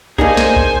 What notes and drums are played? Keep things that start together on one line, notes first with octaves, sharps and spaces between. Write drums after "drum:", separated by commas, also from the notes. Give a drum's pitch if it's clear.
A#3 D4 D#4 G#4 C5 G#5, drum: kick B1
drum: snare
drum: kick B1